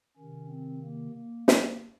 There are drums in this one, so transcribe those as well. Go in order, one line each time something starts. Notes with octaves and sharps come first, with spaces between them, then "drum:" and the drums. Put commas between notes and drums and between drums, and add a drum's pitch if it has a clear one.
C3 D#3 C#4
C4
A#3
A#3
A#3, drum: snare